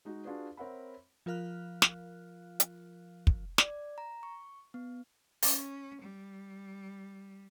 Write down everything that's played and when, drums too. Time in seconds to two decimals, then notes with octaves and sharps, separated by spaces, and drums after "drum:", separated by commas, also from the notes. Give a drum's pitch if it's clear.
0.05 G#3 D#4 F#4
0.24 D4 F4 F#4 G#4 B4 D5
0.57 C4 A#4 C#5 E5 F#5 B5
1.26 F3 F4 A#4 F5 F6 F#6
1.82 drum: snare
2.60 drum: hi-hat
3.27 drum: kick
3.58 D5, drum: snare
3.98 A#5
4.23 C#6
4.74 B3
5.42 C#4, drum: open hi-hat
6.02 G3